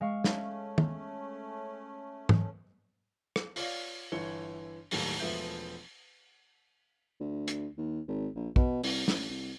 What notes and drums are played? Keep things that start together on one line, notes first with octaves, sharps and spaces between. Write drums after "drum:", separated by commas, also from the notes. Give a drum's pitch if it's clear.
G#3 F5 C#6
A3 C#4, drum: snare
drum: tom
drum: tom
drum: rim click
F4 C#5 D5 F5, drum: open hi-hat
G1 E3 C#5 C#7 G7
D#2 A2 D#3 F#3 G3 A#3, drum: open hi-hat
E1 F3 A3 B3 E5 G6
D2
drum: hi-hat
D#2
G#1
A#1
B2, drum: kick
C2, drum: open hi-hat
A1, drum: snare
C2